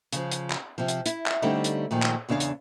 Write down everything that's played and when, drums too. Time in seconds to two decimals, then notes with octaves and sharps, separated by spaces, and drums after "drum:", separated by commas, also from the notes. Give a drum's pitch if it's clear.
0.13 C#3 F3, drum: hi-hat
0.32 drum: hi-hat
0.50 drum: clap
0.78 C3 F3
0.88 drum: hi-hat
1.06 E4, drum: hi-hat
1.26 drum: clap
1.42 D3 G3 A3 C4 C#4 D#4
1.64 drum: hi-hat
1.91 A#2 D#3 F3
2.02 drum: clap
2.29 E2 C#3 D4 C#5 F5
2.40 drum: hi-hat